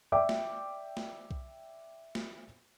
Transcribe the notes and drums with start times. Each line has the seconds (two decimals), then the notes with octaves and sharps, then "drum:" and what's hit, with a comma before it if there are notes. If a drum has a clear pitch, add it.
0.12 D5 E5 G5 D6
0.29 drum: snare
0.97 drum: snare
1.31 drum: kick B1
2.15 drum: snare